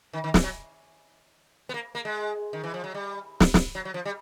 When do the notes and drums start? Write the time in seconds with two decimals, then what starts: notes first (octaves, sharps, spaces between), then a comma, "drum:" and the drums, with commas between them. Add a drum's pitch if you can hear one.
0.13 D#3
0.24 D#3
0.34 E3, drum: snare
0.44 F#3
1.69 B3
1.74 A#3
1.95 A#3
2.05 G#3
2.53 D#3
2.64 E3
2.74 F3
2.84 F#3
2.94 G3
3.40 drum: snare
3.54 drum: snare
3.75 F#3
3.85 F#3
3.94 F3
4.05 G3